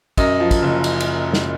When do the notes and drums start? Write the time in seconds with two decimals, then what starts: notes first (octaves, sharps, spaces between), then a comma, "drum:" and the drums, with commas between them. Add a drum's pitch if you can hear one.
0.17 F#2 D#5, drum: kick, cymbal
0.40 F3
0.51 drum: kick, cymbal
0.62 F#1
0.84 drum: cymbal
1.00 drum: cymbal
1.33 drum: snare